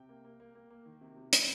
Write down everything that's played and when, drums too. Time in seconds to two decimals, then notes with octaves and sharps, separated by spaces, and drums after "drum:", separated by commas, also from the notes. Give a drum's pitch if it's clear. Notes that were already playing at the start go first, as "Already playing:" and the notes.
Already playing: C3 G5
0.09 A#3
0.25 A#3
0.40 A#3
0.55 A#3
0.71 A#3
0.86 D#3
1.01 C3
1.17 C3
1.33 D#4 C5, drum: hi-hat